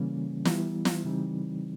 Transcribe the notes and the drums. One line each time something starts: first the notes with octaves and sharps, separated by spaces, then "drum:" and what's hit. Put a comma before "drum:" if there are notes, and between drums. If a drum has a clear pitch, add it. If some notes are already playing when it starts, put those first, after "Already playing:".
Already playing: C#3 E3 G3 A#3 C#4
E3 G3 B3 E4, drum: snare
drum: snare
C#3 E3 G3 C4 D#4